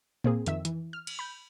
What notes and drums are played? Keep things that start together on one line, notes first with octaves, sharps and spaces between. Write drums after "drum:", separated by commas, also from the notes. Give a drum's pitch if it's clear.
A#3 C4 G#4, drum: tom A2
F2 D#3 E5 E6, drum: hi-hat
E3, drum: hi-hat
F6
drum: cymbal
B5 G6